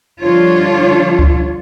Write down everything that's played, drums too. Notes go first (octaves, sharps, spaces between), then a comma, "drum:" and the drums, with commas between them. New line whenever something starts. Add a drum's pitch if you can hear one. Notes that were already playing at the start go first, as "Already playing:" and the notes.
D3 F3 G3 D4 F4 C#5
drum: kick C#2